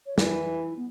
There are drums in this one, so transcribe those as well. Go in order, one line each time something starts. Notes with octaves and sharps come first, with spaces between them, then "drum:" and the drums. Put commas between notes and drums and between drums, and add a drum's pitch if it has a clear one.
C#5
E3 E4, drum: snare
E4
B3